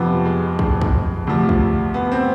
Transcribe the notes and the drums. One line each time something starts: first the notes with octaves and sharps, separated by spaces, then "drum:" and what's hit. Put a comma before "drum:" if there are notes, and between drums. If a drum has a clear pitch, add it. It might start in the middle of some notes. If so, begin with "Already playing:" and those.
Already playing: F2 C3 F3 B3
G#3
drum: kick
drum: kick
D2 C3 F3
drum: kick
B3
C4